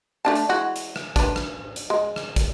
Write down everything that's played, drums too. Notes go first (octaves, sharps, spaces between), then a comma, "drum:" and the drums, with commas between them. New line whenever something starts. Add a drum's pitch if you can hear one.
A3 D4 A5
drum: hi-hat
E3 G#3 F#4
drum: hi-hat
drum: rim click
D4 B4, drum: kick, hi-hat
drum: rim click
drum: hi-hat
G#3
drum: rim click
drum: kick, hi-hat